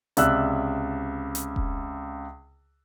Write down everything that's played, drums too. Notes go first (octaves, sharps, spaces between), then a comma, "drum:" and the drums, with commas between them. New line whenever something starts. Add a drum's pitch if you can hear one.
C#2 C3 D5 E5 E6 F#6, drum: hi-hat
drum: hi-hat
drum: kick E1